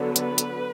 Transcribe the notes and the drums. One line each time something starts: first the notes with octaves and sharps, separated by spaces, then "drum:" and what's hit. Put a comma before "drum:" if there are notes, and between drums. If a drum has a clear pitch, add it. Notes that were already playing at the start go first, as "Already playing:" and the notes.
Already playing: D3 F#3 B3
B4, drum: hi-hat
drum: hi-hat